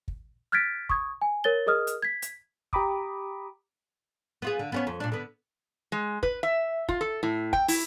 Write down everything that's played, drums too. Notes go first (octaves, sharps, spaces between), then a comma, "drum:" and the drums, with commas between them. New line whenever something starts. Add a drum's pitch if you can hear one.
drum: kick
F6 F#6 G#6 A6 B6 D7
C#6 D#6 G#6, drum: kick
G#5
A#4 C#5 A6 G7
G#4 A#4 D#5 D#6 F6
drum: hi-hat
G#6 B6
drum: hi-hat
G4 G5 A#5 B5 D6 D#6, drum: kick
B3 F4 G#4
D3
B3 C#4 C#5
F2
A#2 D4
D3 B3
G#3
B4, drum: kick
E5
F4, drum: kick
A4
A2
G5, drum: kick
E4, drum: open hi-hat